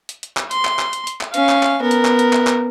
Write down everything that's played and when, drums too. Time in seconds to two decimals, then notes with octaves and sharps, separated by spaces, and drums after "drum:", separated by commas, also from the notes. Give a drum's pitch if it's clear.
0.09 drum: hi-hat
0.23 drum: hi-hat
0.37 drum: clap
0.51 C6, drum: hi-hat
0.65 drum: clap
0.79 drum: clap
0.93 drum: hi-hat
1.07 drum: hi-hat
1.21 drum: clap
1.34 C#4 F5, drum: hi-hat
1.49 drum: clap
1.63 drum: clap
1.82 B3 A#4
1.91 drum: hi-hat
2.05 drum: clap
2.19 drum: hi-hat
2.33 drum: clap
2.47 drum: clap